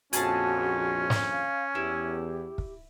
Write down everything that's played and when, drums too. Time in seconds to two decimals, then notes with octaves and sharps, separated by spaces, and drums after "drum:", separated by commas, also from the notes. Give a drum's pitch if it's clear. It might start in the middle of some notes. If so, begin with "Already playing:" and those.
0.13 A#1 F2 C#4 F#4 G#4 A5, drum: hi-hat
1.10 drum: snare
1.32 F5
1.75 E2 E4 G4
2.58 drum: kick